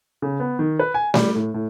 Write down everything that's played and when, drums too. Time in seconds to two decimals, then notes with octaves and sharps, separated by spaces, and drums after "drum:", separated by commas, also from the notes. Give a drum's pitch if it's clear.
0.22 C#3
0.40 B3
0.59 D#3
0.79 B4
0.94 G#5
1.14 G3, drum: snare A3
1.36 A2
1.54 A2